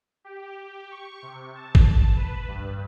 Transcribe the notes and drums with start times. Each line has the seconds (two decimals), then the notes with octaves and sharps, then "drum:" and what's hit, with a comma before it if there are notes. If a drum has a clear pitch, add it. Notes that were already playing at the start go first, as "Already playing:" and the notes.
0.24 G4
0.58 G4
0.91 C#6
1.22 C3
1.55 A5
1.75 drum: kick
2.16 B4
2.48 G2